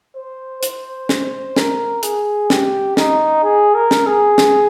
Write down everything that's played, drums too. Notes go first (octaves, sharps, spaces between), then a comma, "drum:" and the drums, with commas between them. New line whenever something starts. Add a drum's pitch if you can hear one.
C5
C5, drum: hi-hat
drum: snare
A#4, drum: snare
G#4, drum: hi-hat
G4, drum: snare
D#4, drum: snare
G#4
A#4
drum: snare
G#4
drum: snare